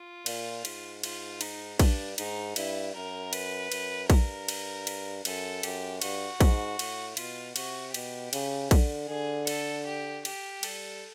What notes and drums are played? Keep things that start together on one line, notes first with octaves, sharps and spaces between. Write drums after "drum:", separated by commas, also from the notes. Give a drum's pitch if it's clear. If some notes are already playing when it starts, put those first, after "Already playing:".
Already playing: F4
A#2, drum: cymbal
G#2, drum: cymbal
F4, drum: cymbal
D#4, drum: cymbal
G2 D4, drum: kick A#1, cymbal
G#2 D#4, drum: cymbal
G2 E4, drum: cymbal
F#2 A#4
B4, drum: cymbal
F#2, drum: cymbal
G2 A#4, drum: kick A#1, cymbal
drum: cymbal
drum: cymbal
F#2 A4, drum: cymbal
F#2 G4, drum: cymbal
G2 F#4, drum: cymbal
G#2, drum: kick A#1, cymbal
A2, drum: cymbal
B2 F4, drum: cymbal
C3 F#4, drum: cymbal
B2 G4, drum: cymbal
C#3, drum: cymbal
D3, drum: kick A#1, cymbal
D3 G#4
A4, drum: cymbal
G4
G4, drum: cymbal
G3 A4, drum: cymbal